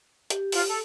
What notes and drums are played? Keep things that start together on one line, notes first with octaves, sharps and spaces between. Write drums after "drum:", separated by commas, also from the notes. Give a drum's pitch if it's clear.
G4, drum: hi-hat
F4, drum: open hi-hat
A4